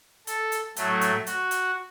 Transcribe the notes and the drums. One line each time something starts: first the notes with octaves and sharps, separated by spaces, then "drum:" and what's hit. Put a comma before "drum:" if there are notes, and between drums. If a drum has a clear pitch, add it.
A4, drum: hi-hat
drum: hi-hat
A2 F#3 A3, drum: hi-hat
drum: hi-hat
F#4, drum: hi-hat
drum: hi-hat